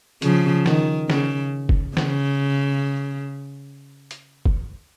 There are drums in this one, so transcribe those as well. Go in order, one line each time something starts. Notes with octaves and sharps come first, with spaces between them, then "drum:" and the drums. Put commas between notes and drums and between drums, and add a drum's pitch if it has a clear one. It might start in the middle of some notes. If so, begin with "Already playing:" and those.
C#3 F3, drum: hi-hat
D#3, drum: snare
C#3, drum: snare
drum: kick
C#3, drum: snare
drum: hi-hat
drum: kick